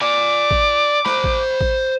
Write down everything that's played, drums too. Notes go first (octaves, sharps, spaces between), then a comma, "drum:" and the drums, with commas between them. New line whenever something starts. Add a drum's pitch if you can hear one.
D5 G#5 D6
drum: kick A1
C5 B5, drum: snare
drum: kick A1
drum: kick A1